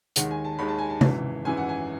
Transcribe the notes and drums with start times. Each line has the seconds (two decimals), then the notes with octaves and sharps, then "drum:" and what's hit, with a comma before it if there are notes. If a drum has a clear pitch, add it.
0.16 D#2 D#3 G#3 F#5, drum: hi-hat
0.31 G#5
0.44 A5
0.59 D#2 D#3 G#3 B5
0.68 A5
0.78 G#5
0.89 A5
1.01 G#1 F#2 E3, drum: tom C3
1.44 G#1 F#2 E3 G#5
1.57 F#5
1.69 G#5